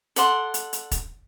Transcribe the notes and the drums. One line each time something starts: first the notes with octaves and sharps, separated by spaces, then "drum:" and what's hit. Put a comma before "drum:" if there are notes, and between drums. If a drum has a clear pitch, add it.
A4 D5 F#5 C6, drum: hi-hat
drum: hi-hat
drum: hi-hat
drum: kick, hi-hat